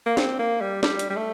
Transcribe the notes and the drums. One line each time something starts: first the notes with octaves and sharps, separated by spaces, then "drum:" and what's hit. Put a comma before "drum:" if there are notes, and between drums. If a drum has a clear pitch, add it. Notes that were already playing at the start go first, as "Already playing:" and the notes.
A#3
C4, drum: snare
A#3
G3
G3, drum: snare
drum: hi-hat
G3
A3